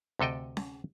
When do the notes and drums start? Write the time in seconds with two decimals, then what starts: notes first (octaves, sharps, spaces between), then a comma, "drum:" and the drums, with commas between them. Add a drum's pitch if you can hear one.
0.19 D2 C3 A4 D#5 G5
0.57 drum: snare C#4